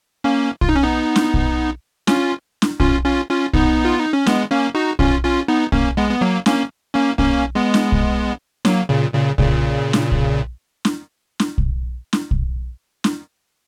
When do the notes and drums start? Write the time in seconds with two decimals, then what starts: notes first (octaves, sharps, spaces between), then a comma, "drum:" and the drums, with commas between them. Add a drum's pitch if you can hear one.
0.24 A#3 C#4
0.61 F4, drum: kick
0.69 D#4
0.75 C#4
0.83 B3 D#4
1.16 drum: snare
1.34 drum: kick
2.07 C#4 F4, drum: snare
2.62 drum: snare
2.80 C#4 F4, drum: kick
3.04 C#4 F4
3.29 C#4 F4
3.53 B3 D#4, drum: kick
3.85 F4
3.99 D#4
4.13 C#4
4.26 G#3 B3, drum: snare
4.51 A#3 C#4
4.75 D#4 F#4
4.99 C#4 F4, drum: kick
5.23 C#4 F4
5.48 B3 D#4
5.72 A#3 C#4, drum: kick
5.97 G#3 B3
6.10 B3
6.21 F#3 A#3
6.46 A#3 C#4, drum: snare
6.94 A#3 C#4
7.18 A#3 C#4, drum: kick
7.55 G#3 B3
7.74 drum: snare
7.92 drum: kick
8.65 F#3 A#3, drum: snare
8.89 A#2 C#3
9.14 A#2 C#3
9.38 A#2 C#3, drum: kick
9.93 drum: snare
10.12 drum: kick
10.85 drum: snare
11.40 drum: snare
11.58 drum: kick
12.13 drum: snare
12.31 drum: kick
13.04 drum: snare